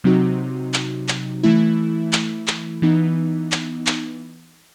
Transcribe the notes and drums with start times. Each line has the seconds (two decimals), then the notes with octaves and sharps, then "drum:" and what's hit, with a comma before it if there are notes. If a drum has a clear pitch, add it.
0.04 C3 F#3 C4 D#4 F#4
0.74 drum: clap
1.09 drum: clap
1.43 E3 A3 E4
2.13 drum: clap
2.48 drum: clap
2.82 E3 B3 D#4
3.52 drum: clap
3.87 drum: clap